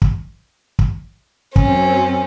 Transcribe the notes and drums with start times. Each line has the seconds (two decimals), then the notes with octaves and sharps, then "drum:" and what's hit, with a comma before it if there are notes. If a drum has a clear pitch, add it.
0.02 drum: kick
0.79 drum: kick
1.56 F#2 C4 C#4, drum: kick